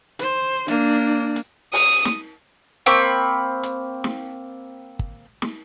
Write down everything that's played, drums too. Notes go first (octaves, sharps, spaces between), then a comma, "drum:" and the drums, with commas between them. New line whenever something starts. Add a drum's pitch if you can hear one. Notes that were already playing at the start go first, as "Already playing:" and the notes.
C5, drum: hi-hat
A#3 D4, drum: hi-hat
drum: hi-hat
D#6, drum: open hi-hat
drum: snare
A#3 C4 B5 C#6, drum: hi-hat
drum: hi-hat
drum: snare
drum: kick
drum: snare